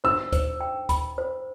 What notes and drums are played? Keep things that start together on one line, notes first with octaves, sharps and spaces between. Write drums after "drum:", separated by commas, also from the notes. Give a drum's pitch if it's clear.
C5 E6
C5, drum: kick, hi-hat
G5
B5, drum: kick, hi-hat
C5